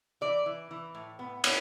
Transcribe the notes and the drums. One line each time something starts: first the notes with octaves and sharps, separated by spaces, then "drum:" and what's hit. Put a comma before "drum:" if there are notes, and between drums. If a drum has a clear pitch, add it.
E3 D5
E3
E3
A2
B3
B3, drum: cymbal